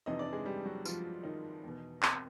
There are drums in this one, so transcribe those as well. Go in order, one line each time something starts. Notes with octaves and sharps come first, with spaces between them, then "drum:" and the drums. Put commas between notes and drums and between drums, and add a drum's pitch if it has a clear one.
F2 C3 E3 D#4 D#5
D4 D5
G#3 G#4
G3 G4
F#3 F#4
F3 F4, drum: tambourine
D#3 D#4
E2 B2
C4, drum: clap